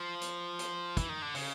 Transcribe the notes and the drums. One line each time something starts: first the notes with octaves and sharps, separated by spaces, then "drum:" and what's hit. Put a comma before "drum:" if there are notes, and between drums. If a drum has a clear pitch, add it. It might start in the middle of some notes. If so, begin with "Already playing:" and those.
Already playing: F3
drum: hi-hat
drum: hi-hat
E3, drum: kick, hi-hat
D#3
D3
C#3, drum: open hi-hat